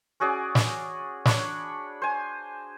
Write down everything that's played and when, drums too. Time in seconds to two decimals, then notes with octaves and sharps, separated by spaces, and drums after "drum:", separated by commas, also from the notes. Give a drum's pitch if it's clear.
0.20 C#4 F#4 G#4 D5
0.55 drum: snare
1.25 D4 C#5 B5 C#6, drum: snare
2.02 C5 G#5